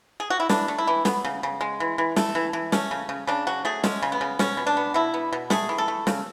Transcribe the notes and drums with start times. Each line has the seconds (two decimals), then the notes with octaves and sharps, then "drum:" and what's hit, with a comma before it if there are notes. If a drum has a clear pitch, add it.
0.20 G#4
0.30 F#4
0.40 E4
0.49 E3 D4, drum: snare
0.68 A3
0.78 E4
0.87 E3
1.05 F#3 B3, drum: snare
1.25 C#3
1.43 C#3
1.61 G#3
1.80 E3
1.98 E3
2.16 A3, drum: snare
2.35 E3
2.53 E3
2.72 A3 C#4, drum: snare
2.91 C#3
3.09 C#3
3.27 C#3 D4
3.47 F#3 F#4
3.65 A3 G#4
3.84 G#3 C#4, drum: snare
4.02 C#3
4.12 B3
4.21 C#3
4.39 B2 C#4, drum: snare
4.57 B2
4.67 D4
4.77 B3
4.94 B2 E4
5.14 B3
5.33 B2
5.50 A3 G#4, drum: snare
5.69 E3
5.78 A4
5.88 A3
6.07 C#3, drum: snare